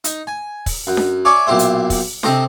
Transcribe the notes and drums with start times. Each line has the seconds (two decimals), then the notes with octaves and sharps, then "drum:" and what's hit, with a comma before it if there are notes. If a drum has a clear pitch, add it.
0.04 D#4, drum: hi-hat
0.27 G#5
0.66 drum: kick, open hi-hat
0.87 F#2
0.97 drum: snare D4
1.25 C#5 D5 E5 G#5 C#6 D6
1.47 B1 A#2 E4 G4 C5 E5
1.59 drum: hi-hat
1.90 drum: kick, open hi-hat
2.23 C3 C4 G4 A4 C5 D#5, drum: snare D4